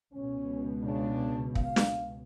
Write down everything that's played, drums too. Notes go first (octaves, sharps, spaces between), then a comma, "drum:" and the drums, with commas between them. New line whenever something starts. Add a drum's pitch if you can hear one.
C#2 B2 C#4
C#3 D4
F5, drum: kick
drum: snare